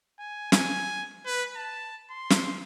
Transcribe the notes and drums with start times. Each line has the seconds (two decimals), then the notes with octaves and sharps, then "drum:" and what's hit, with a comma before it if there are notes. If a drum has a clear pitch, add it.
0.19 G#5
0.52 G#5, drum: snare
1.26 B4
1.56 A5
2.11 C6
2.30 drum: snare